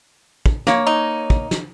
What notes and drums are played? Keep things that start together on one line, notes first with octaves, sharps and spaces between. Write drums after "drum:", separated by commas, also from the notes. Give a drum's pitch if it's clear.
drum: kick
A#3 C#5, drum: snare
D#4
drum: kick
drum: snare